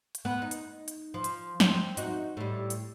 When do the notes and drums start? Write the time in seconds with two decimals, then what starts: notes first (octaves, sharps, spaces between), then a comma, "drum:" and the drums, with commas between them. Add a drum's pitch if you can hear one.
0.15 drum: hi-hat
0.25 B3 B4
0.42 D#4
0.51 drum: hi-hat
0.88 drum: hi-hat
1.14 F3
1.24 drum: hi-hat
1.60 C4, drum: snare
1.97 D#4 F#4, drum: hi-hat
2.37 A2 G3
2.70 drum: hi-hat